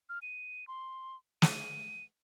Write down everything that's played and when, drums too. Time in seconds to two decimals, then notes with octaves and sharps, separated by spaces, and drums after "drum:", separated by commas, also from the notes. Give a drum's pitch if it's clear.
0.09 F6
0.22 D#7
0.68 C6
1.42 D#7, drum: snare